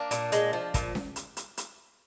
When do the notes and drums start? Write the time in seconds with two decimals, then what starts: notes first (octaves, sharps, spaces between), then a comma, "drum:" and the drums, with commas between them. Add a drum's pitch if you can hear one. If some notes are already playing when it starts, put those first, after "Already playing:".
Already playing: A#3 D4
0.11 A#2, drum: hi-hat
0.32 G#3, drum: hi-hat
0.53 F3
0.74 A#2, drum: kick, hi-hat
0.95 drum: snare C#4
1.16 drum: hi-hat
1.37 drum: hi-hat
1.57 drum: hi-hat